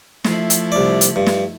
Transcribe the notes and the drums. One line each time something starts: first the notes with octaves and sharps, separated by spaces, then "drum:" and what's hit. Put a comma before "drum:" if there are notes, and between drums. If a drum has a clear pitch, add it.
F3 A3 E4, drum: snare
drum: hi-hat
C2 D5
drum: hi-hat
G2
drum: snare